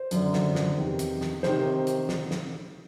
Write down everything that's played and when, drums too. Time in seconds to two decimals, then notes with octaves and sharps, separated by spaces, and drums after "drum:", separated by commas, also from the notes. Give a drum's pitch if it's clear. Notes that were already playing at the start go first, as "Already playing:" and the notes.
Already playing: C5
0.11 F#2 D3, drum: hi-hat
0.33 drum: snare
0.55 drum: snare
0.77 E2 C3 D#3
0.99 drum: hi-hat
1.21 drum: snare
1.43 C3 D#3 C5, drum: snare
1.87 drum: hi-hat
2.09 drum: snare
2.31 drum: snare